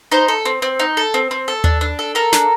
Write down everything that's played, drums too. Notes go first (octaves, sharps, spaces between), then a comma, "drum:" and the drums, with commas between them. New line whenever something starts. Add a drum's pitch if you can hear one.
D#4 C5
A4
C4
C4
D#4
A4
C4
C4
A4
D4, drum: tom D#2
D4
A4
A4 A#4
D4, drum: snare